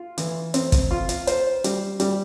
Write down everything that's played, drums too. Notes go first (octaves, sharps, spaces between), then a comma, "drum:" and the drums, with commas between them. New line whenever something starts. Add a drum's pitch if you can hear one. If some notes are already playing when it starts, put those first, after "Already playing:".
Already playing: F4
E3, drum: hi-hat
C4, drum: hi-hat
drum: kick, hi-hat
F4
drum: hi-hat
C5, drum: hi-hat
G3, drum: hi-hat
G3, drum: hi-hat